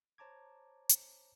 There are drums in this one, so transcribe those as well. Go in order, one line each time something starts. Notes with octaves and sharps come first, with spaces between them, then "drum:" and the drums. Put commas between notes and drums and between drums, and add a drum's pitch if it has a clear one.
C5 C#5 A5 A#5 D6 G#6
drum: hi-hat